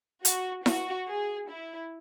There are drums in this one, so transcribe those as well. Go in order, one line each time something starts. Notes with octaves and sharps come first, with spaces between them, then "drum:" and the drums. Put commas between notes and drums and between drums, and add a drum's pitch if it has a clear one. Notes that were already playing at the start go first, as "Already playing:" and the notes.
F#4, drum: hi-hat
F#4, drum: snare E4
G#4
E4